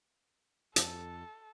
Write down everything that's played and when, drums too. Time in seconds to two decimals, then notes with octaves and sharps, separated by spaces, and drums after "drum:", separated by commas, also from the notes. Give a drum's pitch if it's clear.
0.76 F2 A4, drum: hi-hat